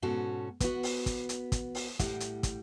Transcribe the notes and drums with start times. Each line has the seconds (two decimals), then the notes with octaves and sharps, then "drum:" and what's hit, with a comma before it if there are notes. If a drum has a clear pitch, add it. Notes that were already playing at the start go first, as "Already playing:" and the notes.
0.02 G#2 B2 C#4 F#4 A4
0.60 B3 F#4, drum: kick, hi-hat
0.83 drum: open hi-hat
1.06 drum: kick, hi-hat
1.29 drum: hi-hat
1.52 drum: kick, hi-hat
1.75 drum: open hi-hat
1.99 A2 G3 F#5, drum: kick, hi-hat
2.20 drum: hi-hat
2.43 drum: kick, hi-hat